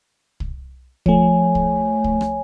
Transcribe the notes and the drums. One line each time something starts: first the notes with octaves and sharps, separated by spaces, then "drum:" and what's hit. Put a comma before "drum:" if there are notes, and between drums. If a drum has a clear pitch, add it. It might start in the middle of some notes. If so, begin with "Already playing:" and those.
drum: kick
F3 A3 C#5 G#5, drum: kick
drum: kick
drum: kick
drum: rim click